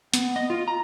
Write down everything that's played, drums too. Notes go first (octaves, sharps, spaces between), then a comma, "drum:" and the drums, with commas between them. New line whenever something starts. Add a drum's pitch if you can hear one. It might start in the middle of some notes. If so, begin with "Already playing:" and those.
B3, drum: hi-hat
D#5
F4
A#5